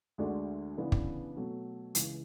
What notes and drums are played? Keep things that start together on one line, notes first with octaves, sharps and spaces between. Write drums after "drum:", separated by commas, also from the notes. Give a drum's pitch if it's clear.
D2 D3 G#3 D4 F#4
C#3 E3 B3 D4
drum: kick
B2 F#3 A3
C#2 C#3 E3, drum: hi-hat